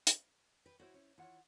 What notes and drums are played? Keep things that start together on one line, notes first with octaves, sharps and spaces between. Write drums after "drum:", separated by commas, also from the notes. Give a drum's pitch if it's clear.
drum: hi-hat
B4 G5
E4 F#4 C5 C#5
C#4
E3 E4 F4 C#5 F#5